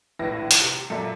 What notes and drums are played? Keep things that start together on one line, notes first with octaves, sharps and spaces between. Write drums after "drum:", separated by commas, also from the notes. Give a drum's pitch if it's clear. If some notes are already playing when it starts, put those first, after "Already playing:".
A#1 D#2 A2 E4 B4 A#6
drum: hi-hat
C3
F#2 A#2 A4 E5